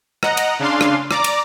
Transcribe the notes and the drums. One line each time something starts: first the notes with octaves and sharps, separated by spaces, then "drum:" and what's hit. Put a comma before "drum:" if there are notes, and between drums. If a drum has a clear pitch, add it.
D#5 F#5 A#5, drum: rim click
drum: cymbal
C#3 D4 F5 C6
drum: rim click
D5 A#5 D6, drum: rim click
drum: cymbal